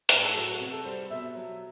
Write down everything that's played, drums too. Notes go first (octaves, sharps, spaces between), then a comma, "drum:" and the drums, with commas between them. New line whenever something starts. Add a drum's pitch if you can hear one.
A2 B4, drum: hi-hat
A4
F#3 A4
F#4
C3
A4
G3 C5
B2 E5
F#3